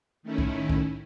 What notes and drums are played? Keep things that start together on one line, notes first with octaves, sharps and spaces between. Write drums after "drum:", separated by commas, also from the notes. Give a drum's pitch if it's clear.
D#3 A3 C#4 E4
drum: kick B1
drum: kick B1